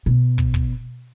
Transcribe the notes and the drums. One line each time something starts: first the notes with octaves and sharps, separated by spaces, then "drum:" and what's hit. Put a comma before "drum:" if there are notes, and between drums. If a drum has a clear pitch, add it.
B2
drum: kick
drum: kick